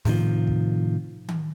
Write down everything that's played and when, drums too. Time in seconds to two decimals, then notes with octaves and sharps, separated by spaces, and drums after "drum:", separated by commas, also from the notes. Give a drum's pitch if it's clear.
0.05 A2 C3 D#3 F3, drum: snare
0.47 drum: kick
1.28 drum: tom D#3